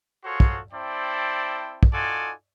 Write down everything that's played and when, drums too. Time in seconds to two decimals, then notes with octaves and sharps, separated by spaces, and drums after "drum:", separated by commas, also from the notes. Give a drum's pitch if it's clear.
0.24 F4 F#4 G#4 A4 C5 C#5
0.40 drum: kick
0.72 C4 E4 C5 D5 G5 A5
1.83 drum: kick
1.93 D#4 F4 F#4 A4 D5 G#5